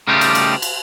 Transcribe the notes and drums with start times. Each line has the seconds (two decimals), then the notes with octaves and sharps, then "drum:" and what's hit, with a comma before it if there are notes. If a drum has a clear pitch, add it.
0.08 C#3 G3 A3 D#4 F4 G4
0.21 drum: cymbal
0.35 drum: cymbal
0.62 drum: cymbal